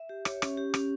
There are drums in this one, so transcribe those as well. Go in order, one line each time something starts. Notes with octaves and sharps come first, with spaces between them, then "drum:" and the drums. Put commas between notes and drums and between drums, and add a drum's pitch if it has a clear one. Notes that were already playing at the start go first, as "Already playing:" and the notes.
Already playing: E5
G4
C#5, drum: rim click
C#4, drum: rim click
G4
C#4, drum: rim click